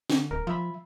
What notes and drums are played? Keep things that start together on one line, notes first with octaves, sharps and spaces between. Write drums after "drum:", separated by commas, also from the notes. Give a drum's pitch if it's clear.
D3, drum: snare
D1 A#4
F3 F4 E5 B5